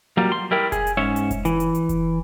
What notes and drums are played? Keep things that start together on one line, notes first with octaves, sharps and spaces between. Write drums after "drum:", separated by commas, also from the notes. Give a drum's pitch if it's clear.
F#3 G3 A#3 F4
C6
G3 E4 A#4 G5
G#4, drum: kick F1, hi-hat
drum: hi-hat
G#2 C#4 C#5 E5
drum: hi-hat
drum: kick F1, hi-hat
E3, drum: hi-hat
drum: hi-hat
drum: hi-hat
drum: kick F1, hi-hat